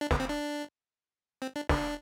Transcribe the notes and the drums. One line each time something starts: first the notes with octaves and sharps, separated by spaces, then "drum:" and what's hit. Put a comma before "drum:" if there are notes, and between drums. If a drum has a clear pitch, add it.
D4
B3, drum: snare
C4
D4
C4
D4
D4, drum: snare